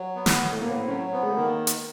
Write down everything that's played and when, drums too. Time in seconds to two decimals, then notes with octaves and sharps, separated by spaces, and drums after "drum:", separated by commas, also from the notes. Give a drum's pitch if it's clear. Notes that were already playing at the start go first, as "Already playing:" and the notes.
Already playing: F#3
0.16 B3
0.26 drum: snare
0.40 A2
0.52 A3
0.61 A2 A#3
0.70 B3
0.80 C4
0.88 F#3 C#4
1.13 B3 C4
1.23 G#3
1.30 A3
1.36 D#3 A#3
1.67 drum: hi-hat